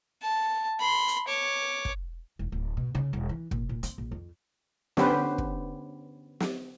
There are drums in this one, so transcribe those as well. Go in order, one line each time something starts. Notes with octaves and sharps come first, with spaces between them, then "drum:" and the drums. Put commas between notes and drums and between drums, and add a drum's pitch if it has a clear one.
A5
B5 C6
drum: hi-hat
C#5 D6
drum: kick
E1
D1
B2
C#3
E1
E3
A#2, drum: kick
A#2
C4, drum: hi-hat
A#1
F2
D3 B3 C#4 G4 B4 C5, drum: snare
drum: kick
drum: snare